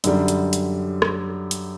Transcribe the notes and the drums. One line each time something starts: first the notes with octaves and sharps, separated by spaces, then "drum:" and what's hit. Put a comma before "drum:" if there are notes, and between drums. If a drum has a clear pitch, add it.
F#2 D3 G3, drum: hi-hat
drum: hi-hat
drum: hi-hat
drum: rim click
drum: hi-hat